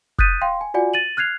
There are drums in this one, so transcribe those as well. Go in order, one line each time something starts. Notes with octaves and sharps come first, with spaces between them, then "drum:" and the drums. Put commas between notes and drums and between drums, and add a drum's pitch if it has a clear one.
D#6 F#6 G6 A6 B6 D#7, drum: kick F1
F5 G5 C6
G#5
F4 F#4 D5 F#5 G#5
A6 D#7 F#7
F6 F#6 G#6 C7 F7